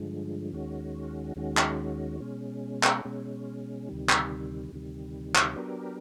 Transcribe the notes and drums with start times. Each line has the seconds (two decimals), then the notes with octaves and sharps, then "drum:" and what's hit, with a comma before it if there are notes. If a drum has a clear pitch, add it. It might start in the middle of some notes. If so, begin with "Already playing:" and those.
Already playing: G2 D3 F3 G#3
0.52 D#2 D#3 G#3 C#4 F#4
1.36 D#2 D#3 G#3 C#4 F#4
1.57 drum: clap
2.20 B2 G#3 C#4
2.83 drum: clap
3.05 B2 G#3 C#4
3.89 D2 C3 D#3 G3
4.09 drum: clap
4.72 D2 C3 D#3 G3
5.35 drum: clap
5.56 F#3 B3 D4 G4 A#4